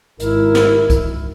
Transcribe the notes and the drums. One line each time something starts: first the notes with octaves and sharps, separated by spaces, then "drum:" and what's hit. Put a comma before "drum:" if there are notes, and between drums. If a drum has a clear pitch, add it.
G#1 E4 A#4, drum: hi-hat
drum: snare
drum: kick C2, hi-hat